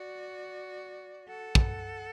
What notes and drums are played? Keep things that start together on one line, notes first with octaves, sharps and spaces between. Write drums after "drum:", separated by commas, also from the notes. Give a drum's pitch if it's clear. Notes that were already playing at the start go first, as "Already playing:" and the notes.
Already playing: F#4 D5
A4 F#5
drum: kick